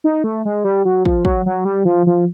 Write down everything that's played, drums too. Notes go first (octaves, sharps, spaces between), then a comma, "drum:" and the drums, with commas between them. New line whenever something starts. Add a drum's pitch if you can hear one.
D#4
A3
G#3
G3
F#3
F3, drum: kick
F#3, drum: kick
F#3
G3
F3
F3